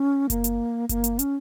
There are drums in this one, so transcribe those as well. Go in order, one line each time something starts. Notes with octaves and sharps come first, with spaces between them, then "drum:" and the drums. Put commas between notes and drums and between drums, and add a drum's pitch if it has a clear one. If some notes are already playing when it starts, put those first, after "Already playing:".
Already playing: C#4
A#3, drum: kick F#1, hi-hat
drum: hi-hat
A#3, drum: kick F#1, hi-hat
drum: hi-hat
C#4, drum: hi-hat